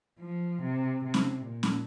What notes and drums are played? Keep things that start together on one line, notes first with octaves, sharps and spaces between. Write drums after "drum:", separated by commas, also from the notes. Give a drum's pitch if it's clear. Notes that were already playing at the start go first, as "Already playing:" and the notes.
F3
C3
C3
drum: snare C#4
A#2
drum: snare C#4